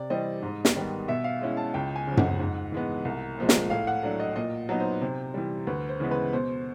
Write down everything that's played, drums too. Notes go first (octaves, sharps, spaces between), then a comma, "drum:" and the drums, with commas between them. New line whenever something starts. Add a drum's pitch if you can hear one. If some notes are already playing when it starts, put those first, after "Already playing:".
Already playing: C3 D5
E3 G3 C4 D#5
G#2
drum: snare
D#3 G3 B3
B2 E5
F5
G#3 C#4 E4
A5
C#2 G5
G#5
C#3 F3
F#5, drum: tom F#2
G#2
E3 G#3 B3
C2
A#2 F3 G#3
drum: snare
A2 F5
F#5
F#3 A3 D4
D#5
A#2 D#5
F#3 B3 D#4
C5
C3
E3 G3
D2 B4
C5
C#3 E3 G#3 B3
B4
B2 C5